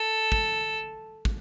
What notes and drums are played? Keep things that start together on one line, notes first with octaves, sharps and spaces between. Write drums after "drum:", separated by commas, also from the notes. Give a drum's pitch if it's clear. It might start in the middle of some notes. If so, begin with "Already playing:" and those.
Already playing: A4
drum: kick
drum: kick